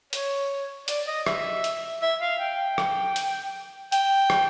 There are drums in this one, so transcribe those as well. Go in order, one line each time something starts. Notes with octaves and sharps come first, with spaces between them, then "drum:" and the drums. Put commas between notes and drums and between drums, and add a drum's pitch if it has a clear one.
C#5, drum: hi-hat
D5, drum: hi-hat
D#5
E5, drum: rim click
drum: hi-hat
E5
F5
G5
drum: rim click
drum: hi-hat
G5, drum: hi-hat
drum: rim click